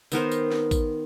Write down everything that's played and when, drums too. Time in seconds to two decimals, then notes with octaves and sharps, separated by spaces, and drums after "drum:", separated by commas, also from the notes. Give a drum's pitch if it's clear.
0.12 D#3 B3 A#4 C5, drum: tambourine
0.31 drum: tambourine
0.51 drum: snare
0.71 drum: kick A1, tambourine